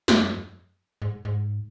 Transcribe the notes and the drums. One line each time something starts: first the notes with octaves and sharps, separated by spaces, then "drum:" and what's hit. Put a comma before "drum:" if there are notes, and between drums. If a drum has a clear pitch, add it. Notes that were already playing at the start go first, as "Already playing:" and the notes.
F#2, drum: snare
G#2
G#2